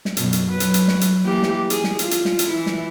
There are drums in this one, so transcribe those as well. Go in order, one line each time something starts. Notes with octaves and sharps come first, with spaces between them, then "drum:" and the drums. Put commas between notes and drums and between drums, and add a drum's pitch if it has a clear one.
drum: snare
F#2 B2, drum: hi-hat
drum: hi-hat
F#3 B4
drum: hi-hat
drum: hi-hat
drum: snare
drum: hi-hat
E3 A#3 G4
drum: snare
G#4, drum: hi-hat
drum: snare
F4, drum: hi-hat
drum: hi-hat
drum: snare
drum: hi-hat
E3 E4
drum: snare